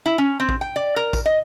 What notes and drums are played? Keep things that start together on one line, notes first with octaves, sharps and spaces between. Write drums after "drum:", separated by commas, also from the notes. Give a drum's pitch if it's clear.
E4
C#4
C4
drum: kick
G5
D5
A#4
drum: kick, tambourine
D#5